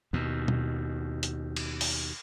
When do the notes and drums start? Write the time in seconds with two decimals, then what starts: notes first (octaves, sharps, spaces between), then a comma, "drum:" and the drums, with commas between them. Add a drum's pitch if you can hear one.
0.13 D#2 B2
0.48 drum: tom B2
1.23 drum: hi-hat
1.56 drum: cymbal
1.81 drum: open hi-hat